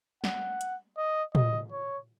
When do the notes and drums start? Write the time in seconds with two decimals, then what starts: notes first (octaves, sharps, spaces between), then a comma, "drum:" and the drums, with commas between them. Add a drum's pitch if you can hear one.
0.24 F#5, drum: snare
0.61 drum: hi-hat
0.97 D#5
1.35 D#5, drum: tom
1.72 C#5